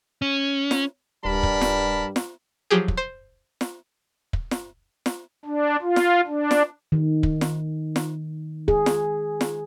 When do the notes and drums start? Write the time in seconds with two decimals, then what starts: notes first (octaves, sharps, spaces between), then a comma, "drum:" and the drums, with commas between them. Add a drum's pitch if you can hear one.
0.22 C#4
0.71 drum: snare
1.25 D#1 G2 G3 A#4 A5 B5
1.43 drum: kick
1.61 drum: snare
2.16 drum: snare
2.71 F3 F#3 G4 G#4
2.88 drum: kick
2.97 C5
3.61 drum: snare
4.33 drum: kick
4.51 drum: snare
5.06 drum: snare
5.45 D4
5.82 F4
5.96 drum: snare
6.27 D4
6.51 drum: snare
6.92 D#3
7.23 drum: kick
7.41 drum: snare
7.96 drum: snare
8.68 G#4, drum: kick
8.86 drum: snare
9.41 drum: snare